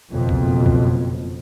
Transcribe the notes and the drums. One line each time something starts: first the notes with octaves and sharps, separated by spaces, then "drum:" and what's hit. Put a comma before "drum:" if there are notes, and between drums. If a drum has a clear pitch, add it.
F#1 F2 B2
drum: kick C2
drum: kick C2